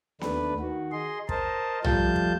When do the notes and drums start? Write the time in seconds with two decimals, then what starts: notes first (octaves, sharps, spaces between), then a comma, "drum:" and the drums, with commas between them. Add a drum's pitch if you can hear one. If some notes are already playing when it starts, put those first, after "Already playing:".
0.21 D#2 A3 D4 B4, drum: snare B3
0.59 D#3 F#4
0.92 G#4 D#5 C6
1.29 A#4 C5 D#5 A5, drum: kick
1.84 F3 G3 A3 F4 A5 G6, drum: tom B1
2.16 drum: kick